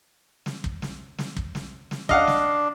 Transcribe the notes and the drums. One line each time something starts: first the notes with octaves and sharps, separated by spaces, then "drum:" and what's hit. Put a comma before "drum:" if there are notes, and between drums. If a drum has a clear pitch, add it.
drum: snare
drum: kick
drum: snare
drum: snare
drum: kick
drum: snare
drum: snare
D4 D#5 F5 F#5, drum: kick
drum: snare